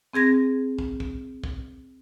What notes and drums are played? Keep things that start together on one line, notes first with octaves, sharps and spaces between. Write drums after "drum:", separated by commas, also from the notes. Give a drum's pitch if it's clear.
C4 G#4 G#6 A#6
drum: kick
drum: kick
drum: kick